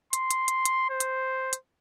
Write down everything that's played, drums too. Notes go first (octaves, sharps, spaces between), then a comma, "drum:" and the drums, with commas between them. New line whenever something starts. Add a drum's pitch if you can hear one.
C6, drum: hi-hat
drum: hi-hat
drum: hi-hat
drum: hi-hat
C5
drum: hi-hat
drum: hi-hat